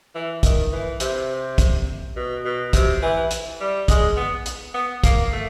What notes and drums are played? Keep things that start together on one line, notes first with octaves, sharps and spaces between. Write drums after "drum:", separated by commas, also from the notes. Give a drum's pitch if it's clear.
E3
D#3, drum: kick, hi-hat
E3
C3, drum: hi-hat
drum: kick, hi-hat
B2
B2
C3, drum: kick, hi-hat
E3
drum: hi-hat
G3
G#3, drum: kick, hi-hat
B3
drum: hi-hat
B3
A#3, drum: kick, hi-hat
A3